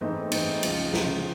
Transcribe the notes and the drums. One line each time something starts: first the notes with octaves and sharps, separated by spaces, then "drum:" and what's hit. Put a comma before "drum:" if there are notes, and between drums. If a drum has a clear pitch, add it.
G#2 E3 A3 C4 D#4
G#2 E3 A3 C4 D#4, drum: cymbal
C#2 C#3 F3, drum: cymbal
C#2 C#3 F3, drum: snare